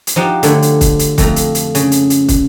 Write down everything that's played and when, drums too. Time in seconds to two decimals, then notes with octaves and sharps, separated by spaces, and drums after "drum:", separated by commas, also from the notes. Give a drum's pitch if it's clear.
0.07 drum: hi-hat
0.16 F3 D#4 F#4 G4
0.43 D3 A3 C#5, drum: hi-hat
0.62 drum: hi-hat
0.81 drum: kick, hi-hat
0.99 drum: hi-hat
1.18 F2 A3 A#5, drum: kick, hi-hat
1.36 drum: hi-hat
1.55 drum: hi-hat
1.75 C#3, drum: hi-hat
1.92 drum: hi-hat
2.10 drum: hi-hat
2.28 drum: kick, hi-hat